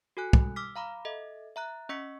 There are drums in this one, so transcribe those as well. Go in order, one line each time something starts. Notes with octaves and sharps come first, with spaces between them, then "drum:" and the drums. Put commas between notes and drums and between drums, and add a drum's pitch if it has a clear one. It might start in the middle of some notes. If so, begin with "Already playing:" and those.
F#4 A4 G#5 F#6
drum: kick
D6 E6 F6 B6
F5 A#5 B5 D6
A4 D#5 E5
E5 A#5 F#6
C#4 D#5 C#6 E6 B6 C#7